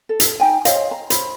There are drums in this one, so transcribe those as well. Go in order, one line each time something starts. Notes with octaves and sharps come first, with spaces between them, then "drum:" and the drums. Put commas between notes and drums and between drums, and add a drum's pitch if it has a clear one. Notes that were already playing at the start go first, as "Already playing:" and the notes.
A4
drum: hi-hat
D#4 G5 G#5
C5 C#5 D#5 F5, drum: hi-hat
A#5
C5 B5, drum: hi-hat